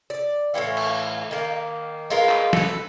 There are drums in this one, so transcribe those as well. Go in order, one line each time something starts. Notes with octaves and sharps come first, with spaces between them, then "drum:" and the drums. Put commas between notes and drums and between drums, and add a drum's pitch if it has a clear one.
D5
A2 C3 E3 F4
drum: cymbal
D#3 A#3
G#3 F4 A#4 B4, drum: tambourine
drum: clap
A4 B4, drum: snare